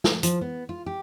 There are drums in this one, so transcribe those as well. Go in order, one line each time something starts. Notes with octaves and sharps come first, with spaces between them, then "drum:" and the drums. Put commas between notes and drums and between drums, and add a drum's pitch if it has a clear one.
drum: snare
F3, drum: hi-hat
B3
F4
G4